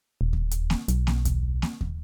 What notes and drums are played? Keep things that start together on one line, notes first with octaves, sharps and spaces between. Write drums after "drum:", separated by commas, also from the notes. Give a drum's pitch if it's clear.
D#1
drum: kick D#2
drum: hi-hat
drum: snare A#3
B1, drum: hi-hat
drum: snare A#3
drum: kick D#2, hi-hat
drum: snare A#3
drum: kick D#2